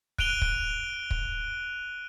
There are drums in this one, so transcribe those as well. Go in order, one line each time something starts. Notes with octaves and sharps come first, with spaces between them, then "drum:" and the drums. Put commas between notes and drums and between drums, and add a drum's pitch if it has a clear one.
F#6 D7 D#7 F7 G7, drum: kick
drum: kick
drum: kick